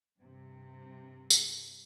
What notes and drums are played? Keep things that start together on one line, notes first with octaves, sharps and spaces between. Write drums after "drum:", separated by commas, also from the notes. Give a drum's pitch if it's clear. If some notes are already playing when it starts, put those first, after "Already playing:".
G2 C3
drum: tambourine